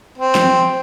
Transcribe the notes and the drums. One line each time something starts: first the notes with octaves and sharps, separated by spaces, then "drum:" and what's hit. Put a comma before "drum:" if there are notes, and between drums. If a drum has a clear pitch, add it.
C4
drum: snare